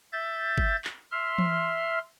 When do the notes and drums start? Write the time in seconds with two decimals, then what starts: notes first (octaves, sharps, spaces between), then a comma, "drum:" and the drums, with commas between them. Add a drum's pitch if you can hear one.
0.12 E5 G6 A6
0.58 drum: kick G1
0.85 drum: clap
1.11 E5 C6 F6
1.38 drum: tom E3